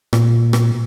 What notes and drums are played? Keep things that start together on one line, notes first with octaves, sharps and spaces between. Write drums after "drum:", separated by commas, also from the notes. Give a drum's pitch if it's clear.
A#2, drum: rim click
drum: rim click